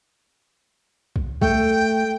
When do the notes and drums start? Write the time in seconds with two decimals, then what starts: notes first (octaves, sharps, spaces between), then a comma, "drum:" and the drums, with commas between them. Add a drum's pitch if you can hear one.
1.16 drum: kick
1.42 A3 G5, drum: kick